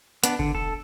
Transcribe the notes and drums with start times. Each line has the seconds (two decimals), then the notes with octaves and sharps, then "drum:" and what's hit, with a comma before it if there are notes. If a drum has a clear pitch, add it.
0.24 B3 D4, drum: hi-hat
0.39 G#1 D3
0.55 E1 A4